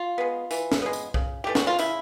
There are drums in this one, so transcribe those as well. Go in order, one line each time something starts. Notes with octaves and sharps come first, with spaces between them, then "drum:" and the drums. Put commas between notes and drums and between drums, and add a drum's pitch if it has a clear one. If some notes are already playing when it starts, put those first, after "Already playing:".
Already playing: F4
G#3 B3
E3, drum: tambourine
drum: snare
G#3 B3
drum: tambourine
C#3, drum: kick B1
E3 A3 G4
F#4, drum: snare
F4
C#3 E4, drum: tambourine